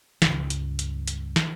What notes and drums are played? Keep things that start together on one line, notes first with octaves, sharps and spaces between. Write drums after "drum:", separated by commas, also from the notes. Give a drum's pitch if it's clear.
C#2 G2, drum: snare
drum: hi-hat
drum: hi-hat
drum: hi-hat
drum: snare